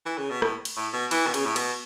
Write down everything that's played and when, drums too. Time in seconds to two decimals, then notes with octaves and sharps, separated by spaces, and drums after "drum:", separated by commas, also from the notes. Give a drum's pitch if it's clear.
0.06 E3
0.18 C#3
0.30 B2
0.42 A2, drum: rim click
0.65 drum: cymbal
0.76 A2
0.94 B2
1.11 E3, drum: cymbal
1.27 B2
1.34 C#3, drum: cymbal
1.46 A2
1.56 B2, drum: cymbal